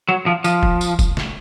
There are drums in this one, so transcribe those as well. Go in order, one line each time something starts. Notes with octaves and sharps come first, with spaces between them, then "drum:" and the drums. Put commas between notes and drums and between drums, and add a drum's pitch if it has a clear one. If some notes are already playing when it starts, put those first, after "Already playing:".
F#3
F3
F3, drum: tambourine
drum: kick
drum: tambourine
drum: kick, tambourine
drum: snare